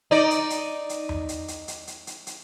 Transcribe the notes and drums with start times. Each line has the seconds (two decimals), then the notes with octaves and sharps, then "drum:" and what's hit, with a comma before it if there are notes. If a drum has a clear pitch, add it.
0.11 D#4 D5
0.31 drum: hi-hat
0.50 drum: hi-hat
0.89 drum: hi-hat
1.09 drum: tom E2
1.29 drum: hi-hat
1.48 drum: hi-hat
1.68 drum: hi-hat
1.87 drum: hi-hat
2.07 drum: hi-hat
2.27 drum: hi-hat